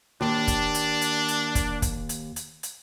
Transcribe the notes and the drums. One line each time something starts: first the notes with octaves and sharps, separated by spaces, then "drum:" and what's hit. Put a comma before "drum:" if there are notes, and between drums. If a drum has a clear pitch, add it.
D#2 D4
drum: kick, hi-hat
drum: hi-hat
drum: hi-hat
drum: hi-hat
drum: kick, hi-hat
drum: kick, hi-hat
drum: hi-hat
drum: hi-hat
drum: hi-hat